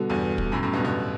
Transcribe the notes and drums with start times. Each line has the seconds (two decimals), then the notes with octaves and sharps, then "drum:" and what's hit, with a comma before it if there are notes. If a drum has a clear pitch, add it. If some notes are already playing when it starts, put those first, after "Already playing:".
Already playing: B2 D3 G3 B3 F#4 A4
0.10 E2 G2
0.38 drum: kick
0.52 F#2 A2
0.63 F#2 A2
0.73 G2 B2
0.84 B2 D3